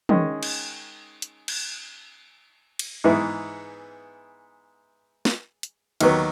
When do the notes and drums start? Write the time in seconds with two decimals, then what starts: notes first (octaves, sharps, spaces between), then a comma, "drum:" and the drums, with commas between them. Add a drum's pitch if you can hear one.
0.09 D#3 G#3 C#4, drum: tom
0.43 drum: cymbal
1.22 drum: hi-hat
1.48 drum: cymbal
2.79 drum: cymbal
3.04 G#2 E3 B3 E4 G#4
5.25 drum: snare
5.63 drum: hi-hat
6.00 D#2 D#3 F#3 B3, drum: cymbal